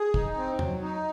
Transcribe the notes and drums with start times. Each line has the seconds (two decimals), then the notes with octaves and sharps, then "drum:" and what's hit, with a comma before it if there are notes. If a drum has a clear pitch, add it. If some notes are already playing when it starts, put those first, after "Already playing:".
Already playing: G#4
0.14 D#4, drum: kick
0.37 C4
0.59 F#3, drum: tom E2
0.81 D#4